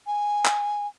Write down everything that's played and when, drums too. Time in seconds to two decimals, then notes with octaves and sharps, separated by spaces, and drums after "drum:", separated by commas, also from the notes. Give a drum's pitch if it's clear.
0.07 G#5
0.45 drum: clap